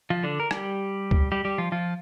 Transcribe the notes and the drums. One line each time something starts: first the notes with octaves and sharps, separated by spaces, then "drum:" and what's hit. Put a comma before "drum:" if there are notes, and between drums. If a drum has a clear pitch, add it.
F3 F4
D3 D4
A#4
G3 G4, drum: rim click
drum: kick C#2
G3 G4
G3 G4
F3 F4
F3 F4